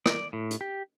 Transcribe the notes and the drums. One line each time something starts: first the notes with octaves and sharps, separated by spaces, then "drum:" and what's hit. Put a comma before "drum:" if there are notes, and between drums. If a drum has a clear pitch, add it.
D5, drum: rim click
A2
drum: hi-hat
G4